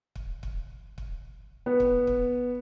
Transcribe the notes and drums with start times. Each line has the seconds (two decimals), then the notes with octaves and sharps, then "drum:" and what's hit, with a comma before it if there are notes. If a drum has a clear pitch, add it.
0.15 drum: kick
0.43 drum: kick
0.98 drum: kick
1.66 B3
1.80 drum: kick
2.07 drum: kick